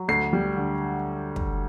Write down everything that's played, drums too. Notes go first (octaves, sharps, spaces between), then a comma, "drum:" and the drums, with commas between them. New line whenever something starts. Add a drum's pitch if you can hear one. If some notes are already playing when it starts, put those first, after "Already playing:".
Already playing: F#3
D2 C7
G3
D3
drum: kick